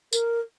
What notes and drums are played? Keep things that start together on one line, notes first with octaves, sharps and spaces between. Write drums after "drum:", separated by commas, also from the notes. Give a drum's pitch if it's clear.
A#4, drum: tambourine